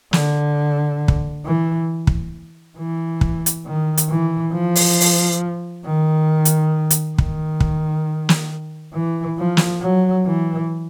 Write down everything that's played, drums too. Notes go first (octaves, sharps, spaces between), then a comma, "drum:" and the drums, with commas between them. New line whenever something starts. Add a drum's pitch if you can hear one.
D3, drum: snare
drum: kick
E3
drum: kick
E3
drum: kick
drum: hi-hat
D#3
drum: hi-hat
E3
F3
drum: open hi-hat
drum: open hi-hat
D#3
drum: hi-hat
drum: hi-hat
D#3, drum: kick
drum: kick
drum: snare
E3
F3
drum: snare
F#3
E3